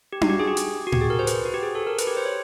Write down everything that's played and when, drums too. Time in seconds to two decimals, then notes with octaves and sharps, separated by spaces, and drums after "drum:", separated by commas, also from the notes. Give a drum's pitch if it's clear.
0.13 G4
0.21 F#4, drum: tom D4
0.30 G4
0.39 G#4
0.47 G4
0.57 drum: hi-hat
0.87 F#4
0.92 G4, drum: tom A2
1.01 G#4
1.10 A#4
1.19 C5
1.27 B4, drum: hi-hat
1.45 F#4
1.54 G4
1.63 G#4
1.75 A4
1.87 A#4
1.98 B4, drum: hi-hat
2.07 G4
2.17 C5
2.26 C#5